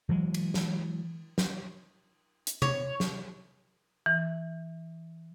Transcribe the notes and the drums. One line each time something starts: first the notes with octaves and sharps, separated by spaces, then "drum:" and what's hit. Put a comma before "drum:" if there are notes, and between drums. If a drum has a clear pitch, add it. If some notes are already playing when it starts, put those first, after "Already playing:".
E3 F#3 G#3
drum: cymbal
drum: snare
drum: snare
drum: hi-hat
C#5, drum: tom C3
drum: snare
E3